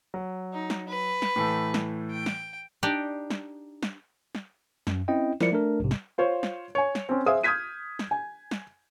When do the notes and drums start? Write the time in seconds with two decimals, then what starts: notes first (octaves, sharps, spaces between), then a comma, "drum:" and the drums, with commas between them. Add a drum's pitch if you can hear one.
0.14 F#3
0.53 D#4
0.70 drum: snare
0.88 B4
1.22 drum: snare
1.36 A2 E3 A3
1.74 drum: snare
2.11 G5
2.26 drum: snare
2.83 D4 D#4 G4 D5
3.30 drum: snare
3.83 drum: snare
4.35 drum: snare
4.87 F#2, drum: snare
5.08 C4 C#4 E4 D#5 G5
5.40 F3 E4 A#4 D5 C#7, drum: snare
5.52 A3 D4 A#4
5.80 A#1 G#2 C3
5.91 drum: snare
6.18 F4 C5 C#5
6.43 drum: snare
6.75 C#5 G#5
6.95 drum: snare
7.09 C4 C#4
7.26 G#4 C5 E5 F5 D#6
7.43 D#6 F6 G6 G#6 B6 D#7
7.99 drum: snare
8.11 G#5
8.51 drum: snare